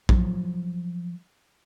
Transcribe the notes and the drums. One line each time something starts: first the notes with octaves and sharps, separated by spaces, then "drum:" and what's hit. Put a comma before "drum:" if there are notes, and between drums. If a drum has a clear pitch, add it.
F3 F#3, drum: kick A#1